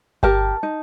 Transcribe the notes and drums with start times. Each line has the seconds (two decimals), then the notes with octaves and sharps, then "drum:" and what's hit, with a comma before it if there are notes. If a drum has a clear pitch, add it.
0.23 G4 A#4 A5, drum: kick G1
0.63 D#4